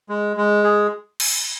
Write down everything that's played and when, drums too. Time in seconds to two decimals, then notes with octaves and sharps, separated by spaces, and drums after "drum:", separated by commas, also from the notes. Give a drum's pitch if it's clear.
0.09 G#3
0.37 G#3
0.64 G#4
1.20 drum: cymbal